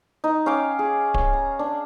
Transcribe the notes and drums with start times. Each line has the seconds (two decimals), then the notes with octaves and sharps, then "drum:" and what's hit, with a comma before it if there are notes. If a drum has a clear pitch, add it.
0.24 D#4
0.46 C#4 F5 G5 D6
0.79 G#4
1.14 C#5, drum: kick D1
1.33 A#5
1.59 D4